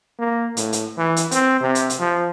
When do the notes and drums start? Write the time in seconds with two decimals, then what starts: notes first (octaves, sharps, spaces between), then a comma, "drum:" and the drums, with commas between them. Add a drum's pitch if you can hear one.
0.19 A#3
0.57 A2, drum: hi-hat
0.73 drum: hi-hat
0.97 E3
1.16 drum: hi-hat
1.31 C4, drum: hi-hat
1.60 C3
1.75 drum: hi-hat
1.90 drum: hi-hat
1.99 F3